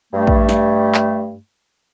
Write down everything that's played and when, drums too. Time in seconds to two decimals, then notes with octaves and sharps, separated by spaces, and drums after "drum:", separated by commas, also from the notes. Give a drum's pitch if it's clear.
0.13 G2 A3
0.27 drum: kick
0.49 drum: snare
0.94 drum: clap